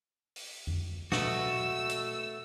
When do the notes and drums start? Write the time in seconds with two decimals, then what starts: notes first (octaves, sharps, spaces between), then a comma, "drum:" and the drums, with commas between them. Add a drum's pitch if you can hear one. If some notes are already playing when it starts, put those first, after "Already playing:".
0.36 drum: open hi-hat
0.67 drum: tom F2
1.12 B2 A3 F#4 D#6 E6, drum: snare
1.89 drum: hi-hat